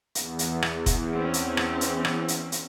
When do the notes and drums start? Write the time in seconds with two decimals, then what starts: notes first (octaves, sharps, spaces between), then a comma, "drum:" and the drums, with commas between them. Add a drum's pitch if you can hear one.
0.15 E2, drum: hi-hat
0.39 drum: hi-hat
0.62 drum: rim click
0.86 drum: kick F1, hi-hat
1.15 C4 C#4
1.34 drum: hi-hat
1.57 drum: rim click
1.81 drum: hi-hat
2.05 drum: rim click
2.28 drum: hi-hat
2.52 drum: hi-hat